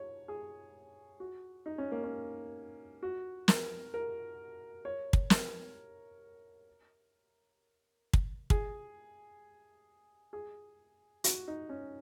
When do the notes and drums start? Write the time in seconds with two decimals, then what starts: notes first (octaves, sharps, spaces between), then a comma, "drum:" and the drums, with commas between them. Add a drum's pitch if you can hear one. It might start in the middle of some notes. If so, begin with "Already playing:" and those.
Already playing: C#5
0.28 G#4
1.20 F#4
1.66 D#4
1.78 C#4
1.92 A#3
2.04 C#4
3.03 F#4
3.48 A#4, drum: snare
3.94 A#4
4.85 C#5
5.13 drum: kick
5.30 A#4, drum: snare
8.13 drum: kick
8.50 G#4, drum: kick
10.33 G#4
11.24 F#4, drum: hi-hat
11.48 D#4
11.69 C#4